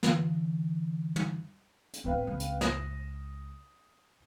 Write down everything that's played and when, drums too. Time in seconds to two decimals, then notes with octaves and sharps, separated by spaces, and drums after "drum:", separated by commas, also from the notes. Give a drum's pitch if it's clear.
0.03 D3 E3, drum: snare
1.16 drum: tom
1.93 drum: hi-hat
2.04 D1 C4 D4 B4 F5
2.27 C#2
2.40 drum: hi-hat
2.61 D#6 A#6 E7, drum: snare